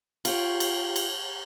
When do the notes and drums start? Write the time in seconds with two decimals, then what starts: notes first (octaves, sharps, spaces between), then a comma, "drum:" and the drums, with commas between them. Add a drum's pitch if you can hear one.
0.25 F4 G4 C#5, drum: cymbal
0.60 drum: cymbal
0.96 drum: cymbal